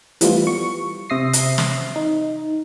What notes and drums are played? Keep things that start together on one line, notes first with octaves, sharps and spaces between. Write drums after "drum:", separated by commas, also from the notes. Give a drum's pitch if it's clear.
E3 F3 G3 A3 B3 F4, drum: hi-hat
C#6
C3 C5 E5 D#6 A#6 C7
drum: hi-hat
drum: snare
D#4